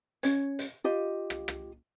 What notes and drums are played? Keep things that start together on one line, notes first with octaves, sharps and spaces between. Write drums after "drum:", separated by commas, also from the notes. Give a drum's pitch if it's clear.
C#4 C#5, drum: hi-hat
drum: hi-hat
F4 G4 D#5 F5
drum: rim click
drum: rim click